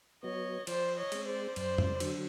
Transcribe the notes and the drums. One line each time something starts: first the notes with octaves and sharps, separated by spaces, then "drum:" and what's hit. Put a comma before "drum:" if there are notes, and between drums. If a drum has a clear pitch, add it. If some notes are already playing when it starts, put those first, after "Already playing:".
F#3 B3 C#5 D#5
F3 C5 D5, drum: cymbal
C#5 D#5
G#3 C4, drum: cymbal
C5 D5
F#2 C5 D5, drum: cymbal
drum: tom F2
D3 F#3, drum: cymbal